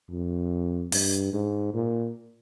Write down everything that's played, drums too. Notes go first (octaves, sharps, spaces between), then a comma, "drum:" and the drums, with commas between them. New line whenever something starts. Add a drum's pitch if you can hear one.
F2
G2, drum: open hi-hat
G#2
A#2